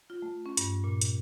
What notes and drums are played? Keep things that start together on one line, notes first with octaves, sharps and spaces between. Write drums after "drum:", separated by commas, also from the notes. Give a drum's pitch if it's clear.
F4
A3
C#4
G2, drum: hi-hat
A#2
drum: hi-hat